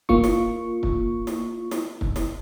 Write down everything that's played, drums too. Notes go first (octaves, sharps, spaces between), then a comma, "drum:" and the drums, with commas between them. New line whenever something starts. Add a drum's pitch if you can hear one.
A#3 F4 C#6, drum: kick
drum: snare
drum: kick
drum: snare
drum: snare
drum: kick
drum: snare